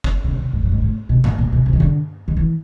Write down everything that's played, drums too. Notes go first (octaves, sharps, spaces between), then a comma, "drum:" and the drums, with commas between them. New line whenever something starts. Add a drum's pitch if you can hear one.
drum: kick
C#3
C3
G#2
G2
G#2
A2
B2
A#2, drum: tom G2
A#2
B2
C3
D#3
D3
D#3
E3